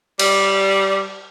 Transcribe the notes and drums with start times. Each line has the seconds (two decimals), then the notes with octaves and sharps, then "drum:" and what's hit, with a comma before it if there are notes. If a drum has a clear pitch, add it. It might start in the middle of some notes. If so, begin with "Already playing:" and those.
0.19 G3, drum: cymbal